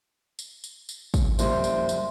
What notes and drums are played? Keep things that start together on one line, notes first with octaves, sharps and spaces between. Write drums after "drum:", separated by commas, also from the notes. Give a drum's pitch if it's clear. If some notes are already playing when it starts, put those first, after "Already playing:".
drum: tambourine
drum: tambourine
drum: tambourine
drum: kick, tambourine
F#1 F2 A#2 G3 C5 E5, drum: tambourine
drum: tambourine
drum: tambourine